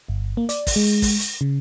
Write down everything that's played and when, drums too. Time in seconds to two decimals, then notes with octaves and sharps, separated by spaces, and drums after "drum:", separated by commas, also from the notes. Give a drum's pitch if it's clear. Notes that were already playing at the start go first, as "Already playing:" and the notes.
0.08 G1
0.37 A#3
0.49 D5, drum: hi-hat
0.67 drum: kick, open hi-hat
0.76 G#3
1.02 drum: kick, open hi-hat
1.20 drum: hi-hat
1.41 C#3